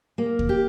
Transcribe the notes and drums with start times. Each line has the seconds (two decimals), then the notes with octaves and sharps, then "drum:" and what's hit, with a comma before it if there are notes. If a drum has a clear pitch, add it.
0.18 A#3
0.39 drum: kick D#2
0.49 G4